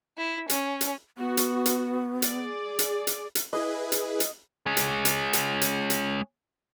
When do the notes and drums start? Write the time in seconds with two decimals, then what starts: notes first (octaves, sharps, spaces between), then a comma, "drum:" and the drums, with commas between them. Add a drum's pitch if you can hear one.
0.17 E4
0.49 C#4, drum: hi-hat
0.81 drum: hi-hat
1.18 B3 F#4
1.37 drum: hi-hat
1.66 drum: hi-hat
2.22 G#4 D5, drum: hi-hat
2.79 drum: hi-hat
3.07 drum: hi-hat
3.35 drum: hi-hat
3.53 E4 G#4 B4 D#5
3.92 drum: hi-hat
4.20 drum: hi-hat
4.66 G#3 C#4
4.77 drum: hi-hat
5.05 drum: hi-hat
5.33 drum: hi-hat
5.62 drum: hi-hat
5.90 drum: hi-hat